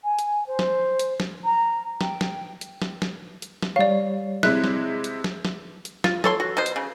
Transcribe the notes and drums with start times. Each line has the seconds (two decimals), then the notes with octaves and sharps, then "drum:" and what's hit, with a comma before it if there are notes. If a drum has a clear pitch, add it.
0.04 G#5
0.19 drum: hi-hat
0.47 C5
0.59 drum: snare
0.99 drum: hi-hat
1.20 drum: snare
1.44 A#5
2.01 G5, drum: snare
2.21 drum: snare
2.61 drum: hi-hat
2.82 drum: snare
3.02 drum: snare
3.42 drum: hi-hat
3.62 drum: snare
3.76 G3 C#5 D5 F5
4.43 C3 G#3 E4 F#6, drum: snare
4.64 drum: snare
5.04 drum: hi-hat
5.24 drum: snare
5.45 drum: snare
5.85 drum: hi-hat
6.04 F4, drum: snare
6.24 A4 C#5 C6, drum: snare
6.40 F#4
6.57 B2 C5
6.66 drum: hi-hat
6.76 C#3